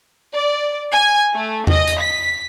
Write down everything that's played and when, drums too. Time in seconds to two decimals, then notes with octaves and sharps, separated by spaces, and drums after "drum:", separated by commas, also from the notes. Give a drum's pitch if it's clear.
0.34 D5
0.93 G#5
1.33 A3
1.67 D#5, drum: tom E2
1.87 drum: hi-hat
2.01 B6